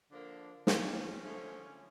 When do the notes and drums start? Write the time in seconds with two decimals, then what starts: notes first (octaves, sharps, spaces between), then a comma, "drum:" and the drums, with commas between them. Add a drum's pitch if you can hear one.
0.11 D3 F3 A#3 D4
0.67 C#4, drum: snare
1.23 D3 F3 A3